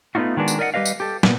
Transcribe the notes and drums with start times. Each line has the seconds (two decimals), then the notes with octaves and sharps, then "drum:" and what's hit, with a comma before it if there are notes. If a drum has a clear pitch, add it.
0.15 A3 B3 C4 D#4 F4 F#4
0.37 D#3 G#3 B3 D4 F#4
0.48 drum: tambourine
0.59 A#4 D5 D#5 F5 F#5
0.74 G3 G4 B4 D#5 F5
0.85 drum: tambourine
1.00 G4 A4
1.23 A#2 B3, drum: snare